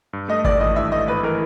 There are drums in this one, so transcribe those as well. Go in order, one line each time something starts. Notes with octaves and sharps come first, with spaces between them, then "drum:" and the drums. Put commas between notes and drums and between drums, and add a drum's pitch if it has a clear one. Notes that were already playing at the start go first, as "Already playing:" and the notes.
G2
A3 D#5
G#1 D5, drum: kick G#1
E3 D#5
G2 E5
A3 D#5
G#1 B4
E3 A#4